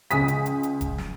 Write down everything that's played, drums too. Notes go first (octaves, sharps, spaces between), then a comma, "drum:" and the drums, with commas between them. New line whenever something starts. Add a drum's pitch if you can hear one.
C#2 G#5 D#6 B6, drum: hi-hat
drum: hi-hat
drum: hi-hat
drum: hi-hat
drum: kick E1, hi-hat
drum: snare